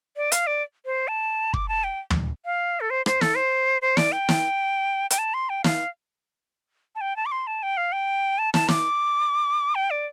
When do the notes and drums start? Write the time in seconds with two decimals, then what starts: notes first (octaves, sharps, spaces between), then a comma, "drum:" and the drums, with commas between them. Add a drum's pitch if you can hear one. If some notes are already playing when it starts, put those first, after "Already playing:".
0.17 D5
0.32 F5, drum: hi-hat
0.47 D5
0.86 C5
1.08 A5
1.54 D6, drum: kick
1.69 A5
1.84 G5
2.10 drum: tom
2.45 F5
2.80 A4
2.90 C5
3.06 C5, drum: rim click
3.21 A4, drum: snare
3.36 C5
3.82 C5
3.97 D5, drum: snare
4.12 G5
4.29 drum: snare
5.11 G5, drum: hi-hat
5.18 A5
5.34 C6
5.49 G5
5.64 F5, drum: snare
6.95 A5
7.01 G5
7.16 A5
7.26 D6
7.32 C6
7.47 A5
7.63 G5
7.77 F5
7.92 G5
8.39 A5
8.54 A5, drum: snare
8.68 D6, drum: snare
9.75 G5
9.91 D5